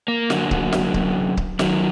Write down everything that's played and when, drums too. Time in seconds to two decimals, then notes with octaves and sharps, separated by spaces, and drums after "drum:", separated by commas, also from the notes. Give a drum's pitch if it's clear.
0.08 A#3
0.30 F#2 D3 F#3, drum: snare
0.51 drum: kick C#1
0.73 drum: snare
0.94 drum: kick C#1
1.37 drum: kick C#1
1.59 F#2 D#3 F#3, drum: snare